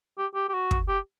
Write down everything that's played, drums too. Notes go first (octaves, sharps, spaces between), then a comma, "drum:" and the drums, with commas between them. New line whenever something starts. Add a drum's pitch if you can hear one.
G4
G4
G4
F#4
drum: kick
G4